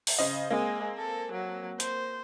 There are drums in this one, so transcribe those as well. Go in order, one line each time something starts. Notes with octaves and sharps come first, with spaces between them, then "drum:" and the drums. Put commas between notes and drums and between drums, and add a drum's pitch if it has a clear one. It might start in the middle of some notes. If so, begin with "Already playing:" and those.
drum: open hi-hat
C#3 C5 D#5
G#3 A#3 C4
A4
F#3
C5, drum: hi-hat